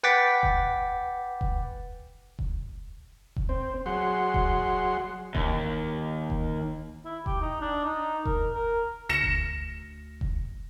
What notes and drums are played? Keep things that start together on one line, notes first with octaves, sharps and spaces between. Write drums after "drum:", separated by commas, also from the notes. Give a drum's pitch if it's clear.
B4 F#5 G5 D6 A6 B6
drum: kick E1
drum: kick E1
drum: kick E1
drum: kick E1
C4 C5
F#3 G#4 F#5 C6
drum: kick E1
D#2, drum: kick E1
drum: kick E1
E4
G4, drum: kick E1
D#4
D4
D#4
A#4, drum: kick E1
A#4
D2 A#6 C#7 E7
drum: kick E1
drum: kick E1